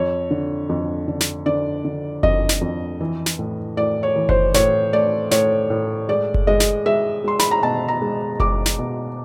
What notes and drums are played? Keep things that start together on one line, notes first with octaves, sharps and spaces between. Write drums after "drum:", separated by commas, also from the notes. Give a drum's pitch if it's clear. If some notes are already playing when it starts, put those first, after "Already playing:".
Already playing: F2 C#5
D3
F2
D3
drum: snare
D3 D5
D3
F2 D#5, drum: kick F#1
drum: snare
F2
E3
drum: snare
A2
A2 D5
C#5
E3
C5, drum: kick F#1
A2 C#5, drum: snare
A3 D5
A2 C#5, drum: snare
A2
G#3 D5
drum: kick F#1
G#3 D#5
drum: snare
G#3 E5
G#3 C6
B5, drum: snare
A#5
B2 A5
A#5
G#3
G#3 D6, drum: kick F#1
drum: snare
B2